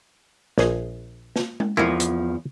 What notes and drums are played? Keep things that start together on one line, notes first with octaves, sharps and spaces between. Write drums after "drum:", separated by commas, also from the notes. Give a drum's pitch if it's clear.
A#1 G#4, drum: snare
drum: snare
drum: tom G#3
E2 F3 E4 F4 A#4
drum: hi-hat